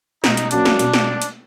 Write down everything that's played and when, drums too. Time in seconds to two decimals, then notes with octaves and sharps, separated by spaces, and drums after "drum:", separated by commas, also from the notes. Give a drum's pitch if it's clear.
0.24 B2 D#4, drum: snare
0.37 drum: hi-hat
0.51 F#3 A#3 C#4 D4 F#4, drum: hi-hat
0.65 drum: snare
0.79 B2, drum: hi-hat
0.93 drum: snare
1.22 drum: hi-hat